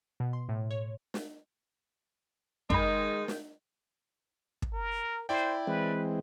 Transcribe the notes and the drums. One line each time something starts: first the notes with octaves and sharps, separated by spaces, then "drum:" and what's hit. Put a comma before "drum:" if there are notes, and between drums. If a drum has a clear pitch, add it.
B2
C6
A2
C#5
drum: snare
F#2 D#3 G#3 D#4 G5 B5, drum: kick
drum: snare
drum: kick
A#4
E4 C5 D5 G5
E3 G#3 C4 B4